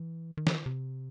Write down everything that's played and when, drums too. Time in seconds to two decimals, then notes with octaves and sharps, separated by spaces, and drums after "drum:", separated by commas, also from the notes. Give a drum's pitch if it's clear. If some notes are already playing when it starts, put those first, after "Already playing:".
Already playing: E3
0.37 D#3
0.47 drum: snare
0.66 C3